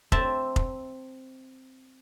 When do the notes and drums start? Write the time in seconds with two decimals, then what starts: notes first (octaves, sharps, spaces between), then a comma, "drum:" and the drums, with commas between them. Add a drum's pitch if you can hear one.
0.12 C4 E5 A5, drum: kick F1
0.56 drum: kick F1